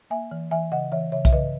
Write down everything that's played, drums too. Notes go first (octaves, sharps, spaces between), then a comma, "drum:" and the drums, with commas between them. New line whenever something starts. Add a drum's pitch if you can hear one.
A#3 E5 G#5
E3
E3 E5 G#5
C#3 D#5 F#5
E3 C#5 E5
C#3 C#5 E5
E5, drum: kick B1, hi-hat
C#3 B4 D#5